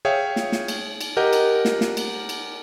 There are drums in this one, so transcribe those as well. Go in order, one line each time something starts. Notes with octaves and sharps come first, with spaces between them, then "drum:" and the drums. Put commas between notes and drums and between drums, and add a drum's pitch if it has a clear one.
G#4 C#5 E5 F5 G5
drum: snare
drum: snare
drum: cymbal
drum: cymbal
G4 A#4 D#5 F#5 G6
drum: cymbal
drum: snare
drum: snare
drum: cymbal
drum: cymbal